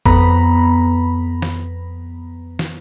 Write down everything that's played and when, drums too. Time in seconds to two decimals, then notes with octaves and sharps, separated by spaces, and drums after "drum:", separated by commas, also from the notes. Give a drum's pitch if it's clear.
0.06 F2 B3 A#5 B5, drum: kick G#1
1.42 drum: snare
2.59 drum: snare